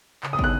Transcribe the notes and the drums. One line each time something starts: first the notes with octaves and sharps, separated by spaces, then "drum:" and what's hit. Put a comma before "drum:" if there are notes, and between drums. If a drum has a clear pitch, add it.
C#3, drum: clap
D#6
B3 D#4 G#4 F#6, drum: kick